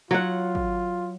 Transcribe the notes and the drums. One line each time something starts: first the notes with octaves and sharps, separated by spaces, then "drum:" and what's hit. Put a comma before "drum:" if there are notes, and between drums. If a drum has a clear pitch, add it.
F#3 F4 F#5
drum: kick